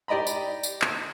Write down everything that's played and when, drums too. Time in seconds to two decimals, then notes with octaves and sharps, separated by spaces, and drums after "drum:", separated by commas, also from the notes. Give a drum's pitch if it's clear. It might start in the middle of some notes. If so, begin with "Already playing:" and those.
0.08 G4 D5 D#5 A#5 B5
0.27 drum: tambourine
0.63 drum: tambourine
0.82 drum: clap